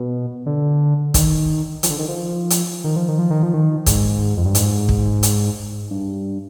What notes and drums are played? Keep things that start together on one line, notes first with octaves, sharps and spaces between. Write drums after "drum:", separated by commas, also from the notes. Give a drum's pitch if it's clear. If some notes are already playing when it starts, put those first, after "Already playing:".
Already playing: B2
D3
D#3, drum: kick, hi-hat
F3, drum: hi-hat
D3
D#3
F3
drum: hi-hat
D#3
F3
D#3
F3
D#3
F3
D#3
G#2, drum: kick, hi-hat
F2
G2
G#2, drum: hi-hat
drum: kick
drum: hi-hat
G2